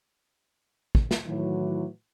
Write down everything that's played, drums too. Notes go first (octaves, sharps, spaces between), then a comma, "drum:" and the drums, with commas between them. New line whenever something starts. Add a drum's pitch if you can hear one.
drum: kick
drum: snare
A2 D#3 E3 F#3